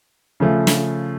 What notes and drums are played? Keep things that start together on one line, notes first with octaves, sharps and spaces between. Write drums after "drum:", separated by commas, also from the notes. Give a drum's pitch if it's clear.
C#3 F3 A3
drum: snare